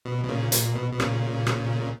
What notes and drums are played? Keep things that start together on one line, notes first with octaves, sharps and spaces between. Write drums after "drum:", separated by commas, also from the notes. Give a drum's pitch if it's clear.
B2
B2
A#2 C#3
A#2, drum: hi-hat
B2
B2
A#2 C#3, drum: rim click
drum: rim click